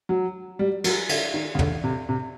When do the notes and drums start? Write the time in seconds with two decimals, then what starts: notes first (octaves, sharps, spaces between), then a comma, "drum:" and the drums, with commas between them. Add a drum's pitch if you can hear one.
0.09 F#3
0.59 G3
0.84 F#3, drum: cymbal
1.09 D3, drum: cymbal
1.34 D#3
1.55 C#3
1.59 D3, drum: tom
1.84 C3
2.09 C3